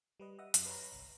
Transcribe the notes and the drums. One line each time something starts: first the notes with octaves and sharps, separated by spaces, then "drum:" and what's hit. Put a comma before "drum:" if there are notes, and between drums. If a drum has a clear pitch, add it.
G3 B4 D#5
D#5 E5 F#5 D#6
F#2, drum: hi-hat
B4 C#5 A#5
G1 C2